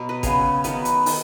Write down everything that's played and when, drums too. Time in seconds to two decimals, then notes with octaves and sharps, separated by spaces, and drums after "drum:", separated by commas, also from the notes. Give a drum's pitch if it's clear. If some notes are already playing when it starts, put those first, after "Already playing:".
Already playing: B2 F#3
0.09 B4 D#5
0.23 C#3 B3 G#4 C#5, drum: kick, hi-hat
0.64 D#3 F#3 B3 B4 D#5, drum: hi-hat
0.85 drum: hi-hat
1.06 D#3, drum: open hi-hat